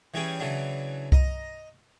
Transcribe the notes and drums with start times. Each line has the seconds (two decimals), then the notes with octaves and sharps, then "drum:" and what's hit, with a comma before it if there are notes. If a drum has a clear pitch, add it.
0.14 E3 G3 C#4 G#4 G5
0.39 C#3 E3 F#3 D4
1.12 D#5 A#5, drum: kick C2